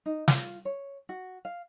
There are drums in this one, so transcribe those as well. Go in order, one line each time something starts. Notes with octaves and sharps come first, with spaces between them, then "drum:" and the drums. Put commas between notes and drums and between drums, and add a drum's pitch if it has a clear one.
D#4
F4, drum: snare
C#5
F#4
F5